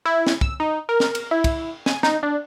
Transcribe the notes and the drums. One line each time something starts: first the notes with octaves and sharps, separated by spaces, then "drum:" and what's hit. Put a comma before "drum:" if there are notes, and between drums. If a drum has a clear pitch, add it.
E4
drum: snare
E6, drum: kick
D#4
A#4
drum: snare
drum: cymbal
E4
drum: kick, cymbal
G#5, drum: snare
D#4, drum: snare
D4